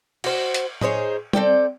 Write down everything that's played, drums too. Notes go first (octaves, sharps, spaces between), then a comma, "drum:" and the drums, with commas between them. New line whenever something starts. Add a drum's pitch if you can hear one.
F#4 C5, drum: cymbal
drum: hi-hat
D#4 G#4 C5 C#5, drum: tom A2
C4 A4 D5 G5, drum: tom